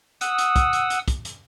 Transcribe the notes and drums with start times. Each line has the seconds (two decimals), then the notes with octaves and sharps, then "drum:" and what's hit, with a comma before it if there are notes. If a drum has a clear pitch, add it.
0.21 F#5 D#6 E6, drum: hi-hat
0.38 drum: hi-hat
0.56 drum: kick, hi-hat
0.73 drum: hi-hat
0.90 drum: hi-hat
1.08 drum: kick, hi-hat
1.25 drum: hi-hat